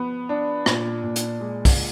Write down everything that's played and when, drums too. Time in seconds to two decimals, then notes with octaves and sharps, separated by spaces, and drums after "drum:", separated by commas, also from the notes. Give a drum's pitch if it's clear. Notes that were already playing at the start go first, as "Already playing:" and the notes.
Already playing: F3 B3
0.29 D4
0.66 A#2, drum: rim click
1.03 A#2
1.16 drum: hi-hat
1.40 G#3
1.65 drum: kick B1, open hi-hat